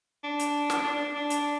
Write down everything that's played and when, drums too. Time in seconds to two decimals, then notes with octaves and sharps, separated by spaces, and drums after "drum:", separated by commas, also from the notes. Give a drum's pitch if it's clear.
0.24 D4
0.39 drum: hi-hat
0.70 drum: snare
0.84 D4
0.95 D4
1.15 D4
1.30 drum: hi-hat